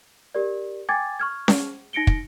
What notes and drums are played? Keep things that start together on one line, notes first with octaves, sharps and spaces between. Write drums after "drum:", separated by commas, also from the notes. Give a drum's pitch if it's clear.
G4 A#4 D5
G5 G#5 D6 G#6 A6
C#6 F6 G#6
drum: snare C#4
D#4 A#6 C#7 D7 G7
drum: kick